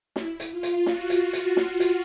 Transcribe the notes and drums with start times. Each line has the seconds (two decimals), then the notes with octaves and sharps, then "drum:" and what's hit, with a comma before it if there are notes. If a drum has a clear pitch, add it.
0.16 E4, drum: snare
0.40 drum: hi-hat
0.52 F4
0.63 drum: hi-hat
0.86 F#4, drum: snare
1.10 drum: hi-hat
1.33 drum: hi-hat
1.57 drum: snare
1.80 drum: hi-hat